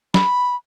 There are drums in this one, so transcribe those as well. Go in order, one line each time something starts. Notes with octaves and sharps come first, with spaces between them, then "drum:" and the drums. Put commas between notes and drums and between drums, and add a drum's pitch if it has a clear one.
B5, drum: snare